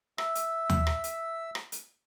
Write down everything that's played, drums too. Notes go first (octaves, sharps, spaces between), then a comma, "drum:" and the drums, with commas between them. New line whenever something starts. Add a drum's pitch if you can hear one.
E5 E6, drum: rim click
drum: hi-hat
drum: tom D#2
drum: rim click
drum: hi-hat
drum: rim click
drum: hi-hat